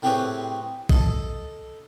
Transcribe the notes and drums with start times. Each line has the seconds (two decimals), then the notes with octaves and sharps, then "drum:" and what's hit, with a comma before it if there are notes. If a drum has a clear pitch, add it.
0.02 A2 C4 G4 G#4 B4 C#5
0.89 A4 D#5, drum: kick A#1